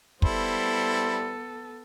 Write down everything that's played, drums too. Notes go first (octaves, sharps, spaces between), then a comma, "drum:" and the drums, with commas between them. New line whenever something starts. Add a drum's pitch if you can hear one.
G3 B3 E4 A4 C5, drum: kick